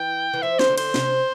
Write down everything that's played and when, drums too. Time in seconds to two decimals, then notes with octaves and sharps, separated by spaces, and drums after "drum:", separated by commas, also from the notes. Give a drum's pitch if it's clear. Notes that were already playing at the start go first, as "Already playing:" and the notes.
Already playing: E3 G5
0.33 E3
0.42 F3 E5
0.59 C5, drum: snare
0.69 D3
0.78 C5, drum: cymbal
0.94 C3, drum: snare